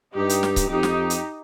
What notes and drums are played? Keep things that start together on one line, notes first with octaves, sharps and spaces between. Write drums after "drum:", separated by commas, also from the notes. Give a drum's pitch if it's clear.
G2 D#4 G4
drum: hi-hat
drum: snare
drum: kick C#1, hi-hat
F2 D#4 G4
drum: snare
drum: hi-hat